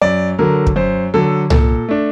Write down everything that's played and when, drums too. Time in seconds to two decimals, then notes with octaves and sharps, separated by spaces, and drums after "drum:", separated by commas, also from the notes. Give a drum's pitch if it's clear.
0.02 F#2 D5
0.39 D3 F#3 A#4
0.67 drum: kick
0.76 F#2 C5
1.14 D3 F#3 A4
1.50 A#2 A4, drum: tom C2
1.89 A3 D4